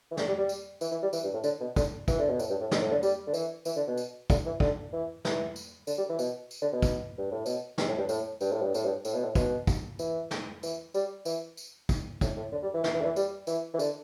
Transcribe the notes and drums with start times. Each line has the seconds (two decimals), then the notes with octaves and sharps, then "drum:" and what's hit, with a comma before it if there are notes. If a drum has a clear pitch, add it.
0.11 E3
0.17 D3, drum: snare
0.28 G3
0.38 G3
0.49 drum: tambourine
0.81 E3, drum: tambourine
0.92 E3
1.03 G3
1.13 E3, drum: tambourine
1.23 G2
1.34 A2
1.44 D3, drum: tambourine
1.60 B2
1.76 D3, drum: kick, tambourine
2.08 E3, drum: kick, tambourine
2.19 D3
2.29 B2
2.39 A2, drum: tambourine
2.50 G2
2.60 A2
2.71 G2, drum: snare
2.82 A2
2.91 D3
3.03 G3, drum: tambourine
3.27 D3
3.34 E3, drum: tambourine
3.65 E3, drum: tambourine
3.76 D3
3.87 B2
3.97 drum: tambourine
4.30 D3, drum: kick, tambourine
4.46 E3
4.60 D3, drum: kick
4.93 E3
5.25 E3, drum: snare
5.56 drum: tambourine
5.87 D3, drum: tambourine
5.98 G3
6.09 E3
6.19 B2, drum: tambourine
6.51 drum: tambourine
6.62 D3
6.72 B2
6.82 drum: kick, tambourine
7.18 G2
7.32 A2
7.46 B2, drum: tambourine
7.78 G2, drum: snare
7.88 A2
7.98 G2
8.09 A2, drum: tambourine
8.41 G2, drum: tambourine
8.52 A2
8.62 G2
8.74 A2, drum: tambourine
8.85 G2
9.05 A2, drum: tambourine
9.14 B2
9.23 A2
9.35 B2, drum: kick, tambourine
9.67 drum: kick, tambourine
9.99 E3, drum: tambourine
10.31 drum: snare
10.63 E3, drum: tambourine
10.94 G3, drum: tambourine
11.25 E3, drum: tambourine
11.57 drum: tambourine
11.89 drum: kick, tambourine
12.21 A2, drum: kick, tambourine
12.36 A2
12.52 D3
12.62 G3
12.74 E3
12.84 E3, drum: snare
12.94 E3
13.01 D3
13.05 E3
13.16 G3, drum: tambourine
13.47 E3, drum: tambourine
13.74 E3
13.79 D3, drum: tambourine